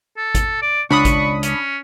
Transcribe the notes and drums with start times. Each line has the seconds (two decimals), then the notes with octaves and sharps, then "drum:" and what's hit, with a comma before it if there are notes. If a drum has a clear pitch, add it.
0.17 A4
0.35 drum: kick G#1, hi-hat
0.62 D5
0.91 C#2 D4 B5 C#6 D#6
1.05 drum: kick G#1, hi-hat
1.43 C#4, drum: hi-hat